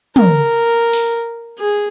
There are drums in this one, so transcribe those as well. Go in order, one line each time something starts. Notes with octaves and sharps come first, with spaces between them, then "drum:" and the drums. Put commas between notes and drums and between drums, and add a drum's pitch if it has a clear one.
A#4, drum: tom
drum: open hi-hat
G#4